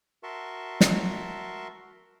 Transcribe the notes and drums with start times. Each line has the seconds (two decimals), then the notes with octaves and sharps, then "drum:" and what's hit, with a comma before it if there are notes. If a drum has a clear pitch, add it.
0.23 F#4 A#4 E5 A5 C6 C#6
0.81 drum: snare